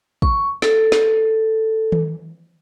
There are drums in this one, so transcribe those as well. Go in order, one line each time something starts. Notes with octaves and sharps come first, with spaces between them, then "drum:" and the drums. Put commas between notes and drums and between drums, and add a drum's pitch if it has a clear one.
C#6, drum: kick
A4, drum: snare
drum: snare
drum: tom D#3